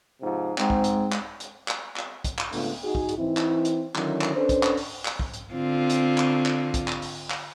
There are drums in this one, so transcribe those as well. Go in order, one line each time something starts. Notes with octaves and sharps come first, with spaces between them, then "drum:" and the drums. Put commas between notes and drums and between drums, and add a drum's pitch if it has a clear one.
G#2 C3 F3
G#2 G#3 C4, drum: clap
drum: kick
drum: hi-hat
drum: clap
drum: hi-hat
drum: clap
drum: clap
drum: kick, hi-hat
drum: clap
G#2 C#3 A3 B3 D4 F4, drum: open hi-hat
D#4 F#4 G#4
drum: kick
drum: hi-hat
E3 C4 D#4 E4
drum: clap
drum: hi-hat
D3 D#3 F#3 C#4 E4, drum: clap
drum: clap
C#4 D4 A4 B4 C5
drum: kick, hi-hat
drum: clap
drum: open hi-hat
drum: clap
drum: kick
drum: hi-hat
D3 C4 F4
drum: hi-hat
drum: clap
drum: clap
drum: kick, hi-hat
drum: clap
drum: open hi-hat
drum: clap